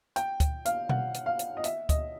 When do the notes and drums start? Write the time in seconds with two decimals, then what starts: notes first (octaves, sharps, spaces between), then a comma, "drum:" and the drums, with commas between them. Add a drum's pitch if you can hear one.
0.16 G5, drum: hi-hat
0.40 drum: kick D2, hi-hat
0.65 F5, drum: hi-hat
0.89 F#5, drum: tom B2
1.14 drum: hi-hat
1.26 F5
1.39 drum: hi-hat
1.57 D#5
1.64 E5, drum: hi-hat
1.89 D#5, drum: kick D2, hi-hat